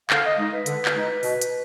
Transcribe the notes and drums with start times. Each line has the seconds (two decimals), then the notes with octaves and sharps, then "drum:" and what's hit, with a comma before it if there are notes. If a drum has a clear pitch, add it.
0.10 D3 F5, drum: clap
0.25 D#5
0.38 G#3 D#4 D#5
0.52 B4
0.66 D3, drum: hi-hat
0.85 drum: clap
0.95 G#3 D#4
1.23 B2, drum: open hi-hat
1.42 drum: hi-hat